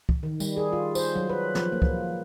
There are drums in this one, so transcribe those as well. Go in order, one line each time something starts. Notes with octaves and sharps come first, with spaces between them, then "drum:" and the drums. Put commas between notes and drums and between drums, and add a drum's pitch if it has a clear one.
drum: kick
D#3
G3, drum: tambourine
G#4
F4
C5, drum: tambourine
F#3
B4
F3, drum: snare
A#3
drum: kick